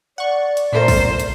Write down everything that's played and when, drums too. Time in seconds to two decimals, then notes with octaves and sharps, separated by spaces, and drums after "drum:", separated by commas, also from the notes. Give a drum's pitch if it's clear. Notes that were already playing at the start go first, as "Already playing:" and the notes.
0.18 D5 F#5 C#6
0.57 drum: hi-hat
0.73 A#2 A3 A#4 C5
0.88 drum: kick, open hi-hat
1.20 drum: hi-hat